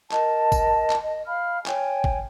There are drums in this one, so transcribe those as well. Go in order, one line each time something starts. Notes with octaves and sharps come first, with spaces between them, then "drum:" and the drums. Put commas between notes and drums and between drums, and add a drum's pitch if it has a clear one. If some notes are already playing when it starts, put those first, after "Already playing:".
A#4 D#5 A5, drum: clap
drum: kick G#1, tambourine
drum: clap
D#5
F5 B5 F6
C#5 G5 G#5, drum: clap
drum: kick G#1